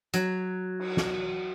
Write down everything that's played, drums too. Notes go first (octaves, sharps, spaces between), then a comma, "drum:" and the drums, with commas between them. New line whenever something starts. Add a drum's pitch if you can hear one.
F#3, drum: hi-hat
drum: cymbal
drum: snare